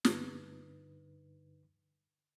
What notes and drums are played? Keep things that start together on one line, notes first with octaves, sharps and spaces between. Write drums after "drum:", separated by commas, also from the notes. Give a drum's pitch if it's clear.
G2 D3 D#4 B4, drum: snare